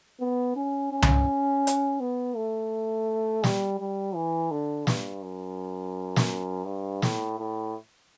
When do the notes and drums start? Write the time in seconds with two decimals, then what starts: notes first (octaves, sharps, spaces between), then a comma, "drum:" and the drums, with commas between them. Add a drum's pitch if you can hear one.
0.20 B3
0.56 C#4
0.93 C#4
1.02 drum: tom C2
1.67 drum: hi-hat
2.00 B3
2.36 A3
3.44 G3, drum: snare
3.80 G3
4.15 E3
4.51 D3
4.87 G2, drum: snare
5.22 F#2
6.16 drum: snare
6.66 G2
7.02 A2, drum: snare
7.38 A2